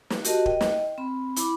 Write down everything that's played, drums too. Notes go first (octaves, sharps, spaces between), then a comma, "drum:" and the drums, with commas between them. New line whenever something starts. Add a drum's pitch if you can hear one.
drum: snare
F#4 G4 A#4 D#5 A5, drum: hi-hat
D#5 G5, drum: kick
drum: snare
C4 B5
E4 B5 D6, drum: hi-hat